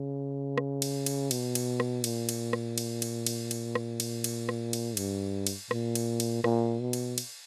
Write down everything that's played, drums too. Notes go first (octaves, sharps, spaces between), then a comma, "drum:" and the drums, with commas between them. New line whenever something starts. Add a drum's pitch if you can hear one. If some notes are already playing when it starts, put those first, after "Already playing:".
Already playing: C#3
drum: rim click
drum: cymbal
drum: cymbal
B2, drum: cymbal
drum: cymbal
drum: rim click
A#2, drum: cymbal
drum: cymbal
drum: rim click
drum: cymbal
drum: cymbal
drum: cymbal
drum: cymbal
drum: rim click
drum: cymbal
drum: cymbal
drum: rim click
drum: cymbal
G2, drum: cymbal
drum: cymbal
A#2, drum: rim click
drum: cymbal
drum: cymbal
A#2, drum: rim click
B2
drum: cymbal
drum: cymbal